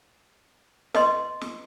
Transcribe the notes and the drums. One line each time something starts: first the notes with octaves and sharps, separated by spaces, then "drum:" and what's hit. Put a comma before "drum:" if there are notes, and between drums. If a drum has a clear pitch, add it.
B4 D#5 C6, drum: snare
drum: snare